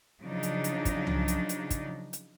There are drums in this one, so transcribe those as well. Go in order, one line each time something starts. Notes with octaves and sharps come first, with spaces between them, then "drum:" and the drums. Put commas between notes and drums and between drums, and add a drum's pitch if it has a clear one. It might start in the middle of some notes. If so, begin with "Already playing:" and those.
C#3 F3 F#3 D4 D#4
drum: hi-hat
drum: hi-hat
drum: kick, hi-hat
drum: tom
drum: hi-hat
drum: hi-hat
drum: kick, hi-hat
drum: hi-hat